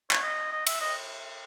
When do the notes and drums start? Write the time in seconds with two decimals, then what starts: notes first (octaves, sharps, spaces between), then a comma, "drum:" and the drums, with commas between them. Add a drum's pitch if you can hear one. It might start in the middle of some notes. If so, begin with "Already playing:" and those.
0.11 C#5, drum: clap
0.23 D#5
0.52 D#5
0.67 E5, drum: cymbal
0.81 D#5